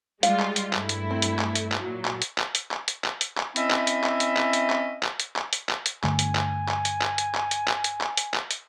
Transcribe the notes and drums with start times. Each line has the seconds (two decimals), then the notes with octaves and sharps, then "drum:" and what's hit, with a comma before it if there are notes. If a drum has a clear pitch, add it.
0.23 G3 G#3 F4 F5, drum: hi-hat
0.40 drum: clap
0.56 drum: hi-hat
0.73 G2 A3 E4, drum: clap
0.89 drum: hi-hat
1.11 C4
1.22 drum: hi-hat
1.39 drum: clap
1.55 drum: hi-hat
1.72 drum: clap
1.81 A#2 F#3
2.05 drum: clap
2.22 drum: hi-hat
2.38 drum: clap
2.55 drum: hi-hat
2.71 drum: clap
2.88 drum: hi-hat
3.04 drum: clap
3.21 drum: hi-hat
3.37 drum: clap
3.56 C4 C#4 E4 D#5 E5, drum: hi-hat
3.71 drum: clap
3.87 drum: hi-hat
4.04 drum: clap
4.20 drum: hi-hat
4.37 drum: clap
4.53 drum: hi-hat
4.70 drum: clap
5.03 drum: clap
5.20 drum: hi-hat
5.36 drum: clap
5.53 drum: hi-hat
5.69 drum: clap
5.86 drum: hi-hat
6.04 G2 D3 A3 G#5, drum: clap
6.19 drum: hi-hat
6.35 drum: clap
6.69 drum: clap
6.85 drum: hi-hat
7.02 drum: clap
7.18 drum: hi-hat
7.35 drum: clap
7.51 drum: hi-hat
7.68 drum: clap
7.84 drum: hi-hat
8.01 drum: clap
8.17 drum: hi-hat
8.34 drum: clap
8.51 drum: hi-hat